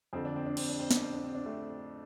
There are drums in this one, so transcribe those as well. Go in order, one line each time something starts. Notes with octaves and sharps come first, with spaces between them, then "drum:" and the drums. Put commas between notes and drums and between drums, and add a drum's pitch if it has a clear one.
F2 D3 C4
D4
C4
D4
C4, drum: cymbal
D4
C4
D4, drum: snare
C4
D4
C4
D4
A3 C4